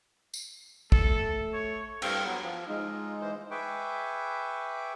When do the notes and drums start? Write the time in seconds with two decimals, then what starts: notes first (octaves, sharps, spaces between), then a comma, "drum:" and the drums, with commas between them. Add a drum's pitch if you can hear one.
0.34 drum: tambourine
0.92 A3 A4, drum: kick
1.53 C#5
2.02 G2 C4 F5, drum: cymbal
2.25 F#3 B3
2.43 F3
2.68 G#3 D#4 F4
3.21 E3 C5
3.51 G#4 B4 E5 G5 C#6 D6